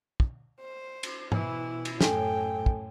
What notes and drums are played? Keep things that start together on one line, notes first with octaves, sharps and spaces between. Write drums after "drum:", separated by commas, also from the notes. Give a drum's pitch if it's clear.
drum: kick
C5
drum: cymbal
B2 E3 E4, drum: tom G#2
drum: cymbal
F#2 A2 A4 G5 G#5, drum: snare
drum: kick